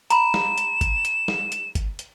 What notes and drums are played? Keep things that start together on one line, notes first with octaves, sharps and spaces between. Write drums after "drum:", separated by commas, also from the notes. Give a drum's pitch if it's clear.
A#5 B5 E7, drum: hi-hat
drum: snare
drum: hi-hat
drum: kick, hi-hat
drum: hi-hat
drum: snare
drum: hi-hat
drum: kick, hi-hat
drum: hi-hat